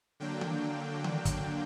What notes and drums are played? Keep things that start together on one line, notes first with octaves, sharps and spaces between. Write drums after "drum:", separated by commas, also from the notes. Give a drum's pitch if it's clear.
D3 F#3 A#3 D4 G5
drum: tom D#3
drum: tom D#3
drum: kick, hi-hat